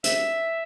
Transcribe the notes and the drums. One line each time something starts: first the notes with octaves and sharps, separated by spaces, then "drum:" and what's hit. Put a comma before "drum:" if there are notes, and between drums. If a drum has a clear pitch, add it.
E5, drum: hi-hat